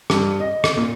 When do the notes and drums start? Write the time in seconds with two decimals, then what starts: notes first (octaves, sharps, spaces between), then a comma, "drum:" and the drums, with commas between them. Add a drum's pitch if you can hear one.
0.10 G2, drum: rim click
0.40 D#5
0.64 drum: rim click
0.77 A#2